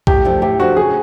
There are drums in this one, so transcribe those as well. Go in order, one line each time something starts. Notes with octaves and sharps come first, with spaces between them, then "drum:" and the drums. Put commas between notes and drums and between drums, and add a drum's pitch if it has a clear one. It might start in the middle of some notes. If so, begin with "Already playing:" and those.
A2 G4, drum: kick B1
F3 A3 D4
A2 G4
F3 A3 D4 F#4
C#3 G#4